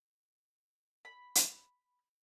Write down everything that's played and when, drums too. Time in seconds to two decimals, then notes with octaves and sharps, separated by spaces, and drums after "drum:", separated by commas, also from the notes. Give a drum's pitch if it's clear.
1.05 B5
1.35 drum: hi-hat